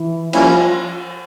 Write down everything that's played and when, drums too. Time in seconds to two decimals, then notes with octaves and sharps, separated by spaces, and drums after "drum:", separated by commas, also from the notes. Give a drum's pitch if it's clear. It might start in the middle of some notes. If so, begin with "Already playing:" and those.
Already playing: E3
0.33 F3 G3 A#3 C#4 E4, drum: cymbal